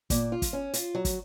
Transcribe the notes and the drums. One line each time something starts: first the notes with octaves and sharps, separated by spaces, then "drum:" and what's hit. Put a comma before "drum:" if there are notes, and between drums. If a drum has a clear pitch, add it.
A#2, drum: kick, hi-hat
F4
drum: kick, hi-hat
C#4
F4, drum: hi-hat
F#3
drum: kick, hi-hat